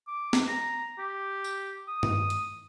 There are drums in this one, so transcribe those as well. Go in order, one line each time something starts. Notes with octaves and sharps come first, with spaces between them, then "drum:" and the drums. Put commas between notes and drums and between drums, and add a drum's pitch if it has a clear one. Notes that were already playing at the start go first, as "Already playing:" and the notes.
D6
drum: snare
A#5
G4
drum: tambourine
D#6
drum: tom G2
drum: hi-hat